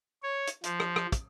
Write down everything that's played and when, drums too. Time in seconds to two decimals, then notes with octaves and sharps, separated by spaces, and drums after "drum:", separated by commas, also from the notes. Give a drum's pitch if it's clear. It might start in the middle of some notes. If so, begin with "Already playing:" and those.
0.23 C#5
0.47 drum: hi-hat
0.64 F3, drum: hi-hat
0.80 drum: rim click
0.96 drum: rim click
1.12 drum: kick, hi-hat